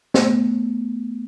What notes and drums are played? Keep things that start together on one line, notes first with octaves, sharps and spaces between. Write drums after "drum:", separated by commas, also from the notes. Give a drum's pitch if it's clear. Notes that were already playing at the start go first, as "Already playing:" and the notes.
A3 B3, drum: snare